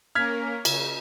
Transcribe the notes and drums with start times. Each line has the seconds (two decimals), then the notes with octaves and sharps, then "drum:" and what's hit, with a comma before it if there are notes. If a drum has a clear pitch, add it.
0.15 A#3 C#4 A#4 F6 G#6 B6
0.65 C#3, drum: cymbal